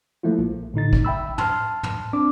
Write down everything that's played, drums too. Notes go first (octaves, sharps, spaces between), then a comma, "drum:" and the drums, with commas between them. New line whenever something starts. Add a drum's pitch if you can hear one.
F3 A3 A#3 E4 F4
A#1
A2 D3 D#4 A6
drum: kick
E5 G5 B5 E6
A5 C6 F6, drum: tom
drum: tom
C4 D4 D6